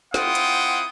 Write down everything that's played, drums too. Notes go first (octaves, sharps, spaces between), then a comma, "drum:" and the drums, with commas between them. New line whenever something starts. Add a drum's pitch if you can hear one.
C4 E4 F4 F#5 G5 D#6, drum: snare
drum: hi-hat